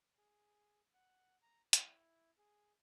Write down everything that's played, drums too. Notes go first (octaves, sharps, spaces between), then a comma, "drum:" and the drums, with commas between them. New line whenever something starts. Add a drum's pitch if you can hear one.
G#4
F#5
A#5
E4, drum: hi-hat
G#4